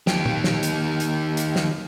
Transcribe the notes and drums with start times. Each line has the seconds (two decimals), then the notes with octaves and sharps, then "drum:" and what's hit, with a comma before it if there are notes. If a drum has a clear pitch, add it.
0.07 D#3 G4, drum: snare
0.26 drum: tom A#2
0.44 drum: snare
0.63 drum: hi-hat
1.00 drum: hi-hat
1.37 drum: hi-hat
1.56 drum: snare